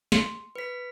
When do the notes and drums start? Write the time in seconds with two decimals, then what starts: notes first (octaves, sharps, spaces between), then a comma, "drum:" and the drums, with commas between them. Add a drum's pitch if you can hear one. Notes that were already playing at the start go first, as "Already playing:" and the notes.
0.12 C6 C#7, drum: snare
0.56 B4 B6